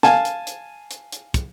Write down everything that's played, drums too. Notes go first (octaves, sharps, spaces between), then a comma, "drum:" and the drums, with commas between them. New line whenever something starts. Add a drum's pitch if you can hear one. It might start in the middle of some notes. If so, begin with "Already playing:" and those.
F5 G#5 A5, drum: snare
drum: hi-hat
drum: hi-hat
drum: hi-hat
drum: hi-hat
drum: kick, hi-hat